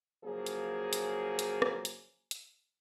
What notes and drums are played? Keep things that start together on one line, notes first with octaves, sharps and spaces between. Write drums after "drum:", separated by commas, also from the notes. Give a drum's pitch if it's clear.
C#3 F3 F#3 A#3 G#4
drum: hi-hat
drum: hi-hat
drum: hi-hat
drum: rim click
drum: hi-hat
drum: hi-hat